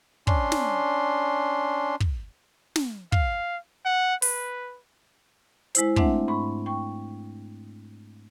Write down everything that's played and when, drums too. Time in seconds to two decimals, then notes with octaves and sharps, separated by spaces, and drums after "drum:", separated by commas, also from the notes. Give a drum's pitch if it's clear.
0.27 C#4 D4 C6, drum: kick
0.52 drum: snare
2.00 drum: kick
2.76 drum: snare
3.12 F5, drum: kick
3.85 F#5
4.22 B4, drum: open hi-hat
5.75 G#3 E4 C5, drum: hi-hat
5.96 G#3 A3 C4 D4 E5 F#5, drum: kick
6.28 G#2 B5 C#6
6.66 G5 C#6